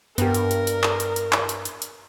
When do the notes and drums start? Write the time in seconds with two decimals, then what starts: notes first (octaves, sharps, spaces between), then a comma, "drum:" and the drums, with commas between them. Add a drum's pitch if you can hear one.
0.18 G2 B3 G4 A#4, drum: hi-hat
0.34 drum: hi-hat
0.51 drum: hi-hat
0.67 drum: hi-hat
0.84 drum: clap
1.00 drum: hi-hat
1.16 drum: hi-hat
1.33 drum: clap
1.49 drum: hi-hat
1.65 drum: hi-hat
1.82 drum: hi-hat